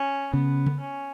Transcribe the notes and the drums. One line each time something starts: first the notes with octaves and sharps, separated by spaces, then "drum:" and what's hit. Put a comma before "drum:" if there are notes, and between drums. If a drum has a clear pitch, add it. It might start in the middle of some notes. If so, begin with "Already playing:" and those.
Already playing: C#4
C#3 B3
drum: tom C#3
C#4